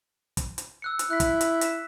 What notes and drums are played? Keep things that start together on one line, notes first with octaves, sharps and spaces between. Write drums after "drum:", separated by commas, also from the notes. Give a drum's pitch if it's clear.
drum: kick, hi-hat
drum: hi-hat
E6 F#6 C#7
drum: hi-hat
E4 F#6 B6
drum: kick, hi-hat
drum: hi-hat
B6 E7, drum: hi-hat